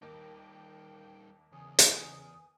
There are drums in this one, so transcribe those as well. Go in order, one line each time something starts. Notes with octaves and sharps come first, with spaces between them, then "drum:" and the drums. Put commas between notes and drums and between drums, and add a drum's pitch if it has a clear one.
D#2 G3 A#3 D#4 G5
E2 C#3 G#5 D#6
drum: hi-hat